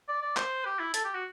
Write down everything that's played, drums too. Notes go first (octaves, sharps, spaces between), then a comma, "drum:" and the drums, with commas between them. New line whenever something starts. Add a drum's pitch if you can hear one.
D5
D5
C5, drum: clap
G4
E4
A4, drum: hi-hat
G4
F#4